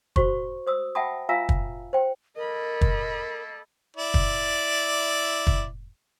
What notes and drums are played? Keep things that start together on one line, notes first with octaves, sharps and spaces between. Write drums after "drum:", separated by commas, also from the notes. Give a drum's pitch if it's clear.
F#4 C5 C#6, drum: kick
C5 D#6 E6
E5 F#5 G5 A5 B5 D#6
F4 E5 F5 G#5 A#5 E6
drum: kick
C5 G5
A#3 A4 A#4 D#5 B5
drum: kick
E4 D5
drum: kick
drum: kick